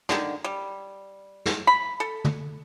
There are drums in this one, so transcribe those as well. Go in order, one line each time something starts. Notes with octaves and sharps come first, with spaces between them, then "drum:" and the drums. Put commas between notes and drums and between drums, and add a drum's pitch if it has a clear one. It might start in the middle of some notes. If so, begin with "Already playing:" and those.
D3 D#3, drum: snare
G3
drum: snare
B5
A4
drum: tom